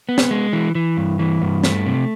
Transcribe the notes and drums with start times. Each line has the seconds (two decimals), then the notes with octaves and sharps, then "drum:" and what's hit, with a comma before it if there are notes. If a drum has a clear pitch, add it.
0.09 B3
0.18 drum: snare
0.31 G#3
0.53 E3
0.75 E3
0.97 G2
1.19 E3
1.42 G2
1.64 A3, drum: snare
1.86 C3